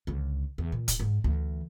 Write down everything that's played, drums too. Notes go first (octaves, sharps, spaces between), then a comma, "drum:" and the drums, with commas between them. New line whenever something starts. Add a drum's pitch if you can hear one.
C#2 D3
E2
A#2
drum: kick, hi-hat
G#2
D2 E3